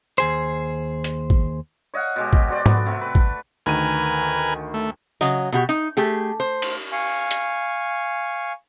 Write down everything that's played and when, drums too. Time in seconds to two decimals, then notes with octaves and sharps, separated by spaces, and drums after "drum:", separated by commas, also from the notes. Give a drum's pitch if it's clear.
0.18 D#2 G#4 C5
1.04 drum: hi-hat
1.30 drum: kick A1
1.94 C#5 D#5 F5 F#5
2.16 B2 G#3 G4
2.33 drum: kick A1
2.49 F#4 C5 D5
2.66 A3 B3, drum: tom G#2
2.85 C3 A3 C4
3.01 B4
3.15 drum: kick A1
3.66 D2 D#3 A#4 B4 G#5 D#7
4.74 A3
5.21 C#3 F#3 D#5, drum: tambourine
5.52 B2 F#4 G4
5.69 D#4
5.97 A3 G4 G#4
6.40 C5
6.62 drum: cymbal
6.92 F5 G#5 C#6
7.31 drum: hi-hat